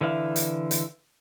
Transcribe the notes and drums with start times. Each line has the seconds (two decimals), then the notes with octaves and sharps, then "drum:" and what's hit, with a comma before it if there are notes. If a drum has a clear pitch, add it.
0.01 D3 E3 E4 F5
0.36 drum: hi-hat
0.71 drum: hi-hat